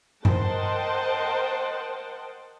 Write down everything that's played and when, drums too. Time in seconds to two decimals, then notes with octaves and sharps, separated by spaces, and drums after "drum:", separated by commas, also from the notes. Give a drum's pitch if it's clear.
0.25 A#4 C5 D#5 F#5 G5 A5, drum: tom G2